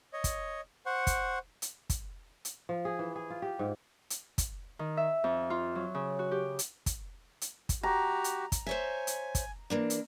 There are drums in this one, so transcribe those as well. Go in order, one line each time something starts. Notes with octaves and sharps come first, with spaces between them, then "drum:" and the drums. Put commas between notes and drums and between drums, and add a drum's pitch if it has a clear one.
C#5 D#5
drum: kick, hi-hat
C5 F#5 C#6
drum: kick, hi-hat
drum: hi-hat
drum: kick, hi-hat
drum: hi-hat
F3
G#4
E3
G#4
F4
G4
G#2
drum: hi-hat
drum: kick, hi-hat
D#3
E5
F2
F4
F#3
C#3
F#4
G4
drum: hi-hat
drum: kick, hi-hat
drum: hi-hat
drum: kick, hi-hat
F#4 G4 A#5
drum: hi-hat
drum: kick, hi-hat
C5 C#5 E5 G#5
drum: hi-hat
drum: kick, hi-hat
E3 A#3 D4
drum: hi-hat